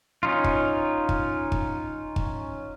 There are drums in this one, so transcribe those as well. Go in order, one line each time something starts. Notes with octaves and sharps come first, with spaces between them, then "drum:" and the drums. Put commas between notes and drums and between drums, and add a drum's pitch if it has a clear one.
C#4 D#4 F4
drum: kick
drum: kick
drum: kick
drum: kick